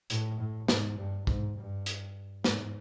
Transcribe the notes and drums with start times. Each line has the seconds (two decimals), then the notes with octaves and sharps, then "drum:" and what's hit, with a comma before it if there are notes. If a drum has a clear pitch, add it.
0.10 A2, drum: hi-hat
0.40 A2
0.68 G#2, drum: snare
0.98 G2
1.27 G#2, drum: kick
1.57 G2
1.86 drum: hi-hat
2.44 G#2, drum: snare